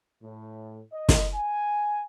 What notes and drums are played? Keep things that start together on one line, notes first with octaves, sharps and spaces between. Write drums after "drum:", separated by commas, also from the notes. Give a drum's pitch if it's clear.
A2
D#5
drum: snare
G#5